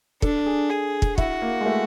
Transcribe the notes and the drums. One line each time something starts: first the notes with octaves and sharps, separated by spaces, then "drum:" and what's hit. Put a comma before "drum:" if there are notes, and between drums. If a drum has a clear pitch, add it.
D4 A4, drum: kick
G#4
G#4
drum: kick
E4 F#4, drum: kick
A#3
G#3
A3